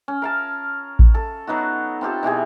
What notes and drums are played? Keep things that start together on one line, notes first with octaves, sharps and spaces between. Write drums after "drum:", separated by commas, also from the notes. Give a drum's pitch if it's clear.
C#4
A#4 F5 A5
drum: kick A1
A4
F#3 B3 D#4 F#4
C4 F4 G4 A4
B2 E3 G4 G#4